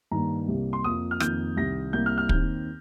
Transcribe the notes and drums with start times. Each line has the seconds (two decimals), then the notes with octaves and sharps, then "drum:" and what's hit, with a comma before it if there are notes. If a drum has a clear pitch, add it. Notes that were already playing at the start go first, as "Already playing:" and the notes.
0.11 G2 D#3 A#3 A#5
0.48 C2 C3 G3 A#3
0.73 C6
0.84 F2 F3 A#3 D#6
1.11 F6
1.20 F2 D#3 A#3 G6, drum: rim click
1.56 C2 C3 D#3 A#6
1.93 C2 C3 G3 A#3 G6
2.06 F6
2.18 F6
2.29 D#2 D#3 C4 G6, drum: kick